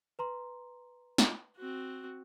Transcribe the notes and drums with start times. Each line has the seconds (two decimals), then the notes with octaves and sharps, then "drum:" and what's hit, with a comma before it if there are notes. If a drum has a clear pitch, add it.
0.19 B4 A#5 C6
1.18 drum: snare
1.57 C4 F#4